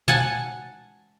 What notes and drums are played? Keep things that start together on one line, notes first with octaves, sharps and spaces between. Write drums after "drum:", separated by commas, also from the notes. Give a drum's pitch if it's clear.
F#5 G#5 A5, drum: tom A#2